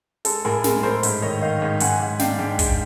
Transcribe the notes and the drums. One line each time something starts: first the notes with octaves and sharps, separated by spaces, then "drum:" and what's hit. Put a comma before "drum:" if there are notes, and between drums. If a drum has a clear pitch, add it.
G#3 A4, drum: hi-hat
A2 G#4 A#4
G#3 G#4 A#4, drum: snare
A2 A#4 C5
G#2, drum: hi-hat
D#3 C#5 D#5
D#3 D#5 F5
G#2
G#2 F#5 G#5, drum: hi-hat
G#2
D4 F5 G5, drum: snare
G#2
G#3, drum: kick, hi-hat